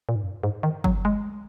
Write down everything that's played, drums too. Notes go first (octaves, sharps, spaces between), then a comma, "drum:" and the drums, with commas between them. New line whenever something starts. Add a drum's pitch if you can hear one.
A#2
G#2
F#2
G#2
D#3
F#3, drum: kick G1
G#3